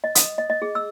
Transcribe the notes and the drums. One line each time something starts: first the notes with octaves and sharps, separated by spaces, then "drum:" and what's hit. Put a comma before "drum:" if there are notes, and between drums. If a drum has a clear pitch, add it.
D#5
D#6, drum: hi-hat
D#5
D#5
G#4
E6